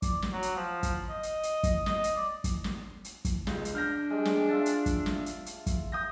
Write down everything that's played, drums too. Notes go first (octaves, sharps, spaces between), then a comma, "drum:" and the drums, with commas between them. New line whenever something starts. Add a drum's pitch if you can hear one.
D5, drum: kick, hi-hat
drum: snare
F#3
drum: hi-hat
F3
drum: kick, hi-hat
D#5
drum: hi-hat
drum: hi-hat
drum: kick, hi-hat
D#5, drum: snare
drum: hi-hat
D5
drum: kick, hi-hat
drum: snare
drum: hi-hat
drum: kick, hi-hat
C#2, drum: snare
drum: hi-hat
D4 F6 G6 A#6
G3 G#3
drum: snare
F4 E5 A5
drum: hi-hat
drum: kick, hi-hat
drum: snare
drum: hi-hat
drum: hi-hat
drum: kick, hi-hat
D#6 G6 A#6